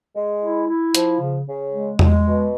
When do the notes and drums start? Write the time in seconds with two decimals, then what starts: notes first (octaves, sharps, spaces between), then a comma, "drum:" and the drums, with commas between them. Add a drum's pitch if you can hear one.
0.15 G#3
0.41 E4
0.68 E4
0.95 F3, drum: hi-hat
1.20 C#3
1.47 C#3
1.73 G#3
1.99 G#3, drum: tom E2
2.26 B2